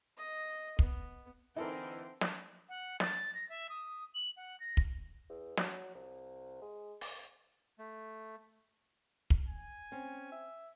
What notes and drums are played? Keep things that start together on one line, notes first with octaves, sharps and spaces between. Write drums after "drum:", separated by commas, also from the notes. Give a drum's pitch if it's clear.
D#5
B3, drum: kick
D3 E3 C4 D#4 E4 A4 A#4
drum: snare
F#5
A6, drum: snare
A#6
E5
D#6
F#7
F#5
A#6
drum: kick
E2
F#3, drum: snare
C2
G#3
drum: open hi-hat
A3
drum: kick
G#5
C4 C#4
E5